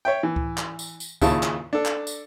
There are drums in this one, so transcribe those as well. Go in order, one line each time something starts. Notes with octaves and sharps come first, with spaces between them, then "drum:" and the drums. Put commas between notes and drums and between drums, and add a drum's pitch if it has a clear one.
C#5 E5 G5
E3
drum: kick C#2
drum: clap
drum: tambourine
drum: tambourine
D#2 C#3 E4 F4 A5, drum: kick C#2, tambourine
drum: clap
D4 A4
drum: clap
drum: tambourine